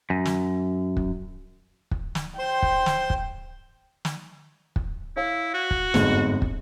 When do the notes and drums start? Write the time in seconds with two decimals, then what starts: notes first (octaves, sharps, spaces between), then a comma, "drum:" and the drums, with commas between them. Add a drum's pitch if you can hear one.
0.10 F#2
0.25 drum: snare
0.97 drum: kick
1.91 drum: kick
2.15 drum: snare
2.39 C5 G5 C6
2.62 drum: kick
2.86 drum: snare
3.10 drum: kick
4.05 drum: snare
4.76 drum: kick
5.16 E4 C#5 F5
5.54 F#4
5.71 drum: kick
5.94 G1 F2 G#2, drum: snare
6.42 drum: kick